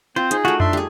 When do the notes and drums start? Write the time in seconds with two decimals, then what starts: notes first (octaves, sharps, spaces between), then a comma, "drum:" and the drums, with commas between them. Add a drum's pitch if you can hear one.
0.16 C4 F4 C5
0.31 D#4 G#4, drum: hi-hat
0.45 A3 F4 F#4
0.60 D4 E5 C6, drum: tom F2
0.73 G3 G#4